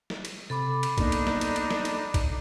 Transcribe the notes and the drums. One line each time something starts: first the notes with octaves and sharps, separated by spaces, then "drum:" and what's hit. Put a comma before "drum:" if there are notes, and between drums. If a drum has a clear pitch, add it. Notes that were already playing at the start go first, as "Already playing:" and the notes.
drum: snare
drum: cymbal
C3 A4 B5 D6
drum: cymbal
A#3 B3 D4 D#4 A#4, drum: kick, cymbal
drum: cymbal
drum: snare
drum: cymbal
drum: cymbal
drum: snare
drum: cymbal
drum: kick, cymbal